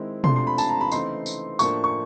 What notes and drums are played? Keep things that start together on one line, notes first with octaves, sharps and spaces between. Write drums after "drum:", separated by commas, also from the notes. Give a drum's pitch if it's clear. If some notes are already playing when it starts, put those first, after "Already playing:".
Already playing: D#3 G#3 C4 E4
C3 F3 A3 D4 C6, drum: tom B2
C6
B5
A5, drum: tambourine
A#5
B5
C#3 E3 A3 C4 D#4 C6, drum: tambourine
drum: tambourine
A2 F3 A#3 D4 C#6, drum: tambourine
C#6